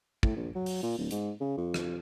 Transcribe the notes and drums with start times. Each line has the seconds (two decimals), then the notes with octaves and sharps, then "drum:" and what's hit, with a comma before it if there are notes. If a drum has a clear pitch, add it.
0.23 A2, drum: kick
0.36 A#1
0.55 F#3
0.66 drum: open hi-hat
0.83 A#2
0.98 D1
1.11 G#2, drum: hi-hat
1.40 C#3
1.57 F2
1.74 drum: rim click